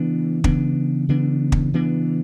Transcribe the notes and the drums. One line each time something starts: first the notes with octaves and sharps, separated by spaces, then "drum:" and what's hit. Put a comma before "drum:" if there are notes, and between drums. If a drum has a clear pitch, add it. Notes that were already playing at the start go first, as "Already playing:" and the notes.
Already playing: C#3 E3 B3 D4
C#3 E3 B3 D4, drum: kick
C#3 E3 B3 D4
drum: kick
C#3 E3 B3 D4